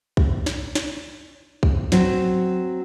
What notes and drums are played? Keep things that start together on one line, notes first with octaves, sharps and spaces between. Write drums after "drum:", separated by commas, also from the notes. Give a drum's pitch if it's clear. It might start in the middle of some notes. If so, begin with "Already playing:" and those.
drum: kick
drum: snare
drum: snare
drum: kick
F#3 C4, drum: snare